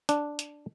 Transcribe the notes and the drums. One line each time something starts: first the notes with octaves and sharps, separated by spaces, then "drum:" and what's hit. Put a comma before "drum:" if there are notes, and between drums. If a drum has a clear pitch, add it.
D4, drum: hi-hat
drum: hi-hat